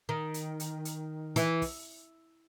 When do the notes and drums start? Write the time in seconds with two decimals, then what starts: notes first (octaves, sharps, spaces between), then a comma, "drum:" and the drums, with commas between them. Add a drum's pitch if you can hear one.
0.09 D#3
0.34 drum: hi-hat
0.60 drum: hi-hat
0.85 drum: hi-hat
1.36 E3, drum: hi-hat
1.62 drum: kick, open hi-hat